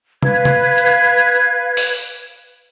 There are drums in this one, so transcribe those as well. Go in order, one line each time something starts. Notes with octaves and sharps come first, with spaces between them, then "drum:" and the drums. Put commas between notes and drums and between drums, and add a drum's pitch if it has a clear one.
B4 F5 G#6, drum: tom
drum: tom C3
drum: hi-hat
drum: open hi-hat